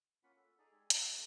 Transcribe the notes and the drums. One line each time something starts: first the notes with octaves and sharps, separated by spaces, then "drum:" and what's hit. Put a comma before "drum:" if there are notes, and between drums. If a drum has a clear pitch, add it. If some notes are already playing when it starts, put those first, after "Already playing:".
A#3 C#4 F4 F#5 B5
A4
D#4 G#4 A4 D5
G#3 G4 G#5
A#3 C4, drum: hi-hat
G#3 B3 F#4 G#4 A#4